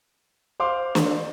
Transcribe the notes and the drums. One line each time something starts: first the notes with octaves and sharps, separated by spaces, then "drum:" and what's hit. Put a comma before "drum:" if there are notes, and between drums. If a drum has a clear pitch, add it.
C5 F5 C6 D6
drum: snare